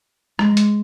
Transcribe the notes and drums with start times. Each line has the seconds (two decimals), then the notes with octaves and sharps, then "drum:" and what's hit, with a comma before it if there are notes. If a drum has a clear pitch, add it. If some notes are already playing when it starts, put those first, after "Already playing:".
0.39 G#3, drum: rim click
0.57 drum: hi-hat